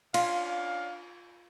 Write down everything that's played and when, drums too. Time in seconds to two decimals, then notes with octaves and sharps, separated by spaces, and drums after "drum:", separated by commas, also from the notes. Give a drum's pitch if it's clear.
0.14 C#4 D4 F4 F5, drum: cymbal